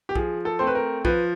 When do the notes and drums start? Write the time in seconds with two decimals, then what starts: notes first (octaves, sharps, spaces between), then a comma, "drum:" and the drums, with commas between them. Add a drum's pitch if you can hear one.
0.09 G4
0.15 F3 G#4, drum: kick
0.45 A4
0.59 A3 C4 C5
0.67 B4
0.75 A#4
1.05 F3 B4, drum: kick